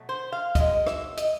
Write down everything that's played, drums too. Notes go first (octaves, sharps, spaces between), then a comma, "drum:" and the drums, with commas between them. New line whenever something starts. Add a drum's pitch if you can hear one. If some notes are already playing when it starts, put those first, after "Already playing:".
Already playing: B2 F#3 A3
C5
F5
B2 G#3 D#5, drum: kick, hi-hat
E5, drum: rim click
D#5, drum: hi-hat